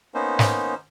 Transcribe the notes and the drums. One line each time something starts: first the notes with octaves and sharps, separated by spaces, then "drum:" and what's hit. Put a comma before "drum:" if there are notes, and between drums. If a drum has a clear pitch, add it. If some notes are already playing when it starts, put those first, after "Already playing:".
A#3 B3 C#4 D#4 C5
drum: snare